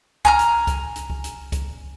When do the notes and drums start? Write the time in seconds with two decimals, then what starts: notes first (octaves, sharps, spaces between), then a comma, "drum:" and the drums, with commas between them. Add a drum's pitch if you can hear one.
0.25 G#5 A#5 F6, drum: kick C#2
0.39 drum: hi-hat
0.67 drum: kick C#2, hi-hat
0.96 drum: hi-hat
1.10 drum: kick C#2
1.24 drum: hi-hat
1.52 drum: kick C#2, hi-hat